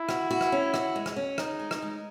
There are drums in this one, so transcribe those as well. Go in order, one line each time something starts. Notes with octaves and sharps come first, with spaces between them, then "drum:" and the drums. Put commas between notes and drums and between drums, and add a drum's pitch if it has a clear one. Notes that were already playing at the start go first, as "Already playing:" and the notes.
Already playing: E4
F#4, drum: rim click
F#4
drum: rim click
C#4
F#4, drum: rim click
G#3
drum: rim click
C#4
D#4 G#4, drum: rim click
G#3
drum: rim click
G#3